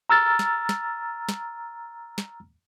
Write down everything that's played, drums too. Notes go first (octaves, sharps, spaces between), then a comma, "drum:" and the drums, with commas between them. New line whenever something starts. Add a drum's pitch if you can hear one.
A#5 E6 F6 A6
drum: snare
drum: snare
drum: snare
drum: snare